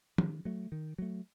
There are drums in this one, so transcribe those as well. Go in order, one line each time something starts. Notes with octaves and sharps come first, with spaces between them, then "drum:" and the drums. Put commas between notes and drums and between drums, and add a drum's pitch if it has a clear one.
D#3, drum: tom
F#3 A3
D#3
F#3 A3